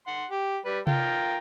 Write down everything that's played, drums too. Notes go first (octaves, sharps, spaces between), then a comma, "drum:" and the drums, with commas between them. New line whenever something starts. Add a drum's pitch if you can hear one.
F#5 C6
G4
G3 B4
F4 A#4 G5, drum: tom C3